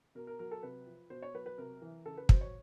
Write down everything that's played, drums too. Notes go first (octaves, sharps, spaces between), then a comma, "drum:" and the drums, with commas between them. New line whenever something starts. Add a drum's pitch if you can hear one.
B2 A#4
A#4
F#3 A#4
A4
C3 B4
F3
B2 C5
C#5
F#3 B4
B4
C3 A#4
E3
C#3 A4
B4
F#3 C5, drum: kick
C#5